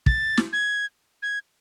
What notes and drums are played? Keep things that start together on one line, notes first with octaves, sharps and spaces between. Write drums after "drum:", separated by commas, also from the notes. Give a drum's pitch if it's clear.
A6, drum: kick
drum: snare
G#6
G#6